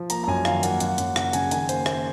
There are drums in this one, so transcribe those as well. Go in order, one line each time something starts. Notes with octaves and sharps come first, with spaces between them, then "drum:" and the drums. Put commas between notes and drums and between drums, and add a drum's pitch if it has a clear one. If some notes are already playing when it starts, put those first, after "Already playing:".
Already playing: F3
A#3 A#5, drum: hi-hat
A#5
F#2 G#5
D#3 F5, drum: rim click
A#3 F#5, drum: hi-hat
F#2 F#5, drum: hi-hat
F#2, drum: hi-hat
C#3 F#5, drum: rim click
C#3 G#5, drum: hi-hat
D#3 G#5, drum: hi-hat
A#3 C5, drum: hi-hat
A#3 C5, drum: rim click